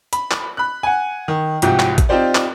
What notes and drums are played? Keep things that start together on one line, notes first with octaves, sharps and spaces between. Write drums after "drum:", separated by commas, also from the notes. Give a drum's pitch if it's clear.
B5, drum: hi-hat
drum: clap
B5 F#6
F#5 G#5
D#3
C2 G#2 F3 F#4 G4 G5, drum: hi-hat
drum: clap
drum: kick A1, hi-hat
C4 D#4 F4 G4 C5 D5
drum: clap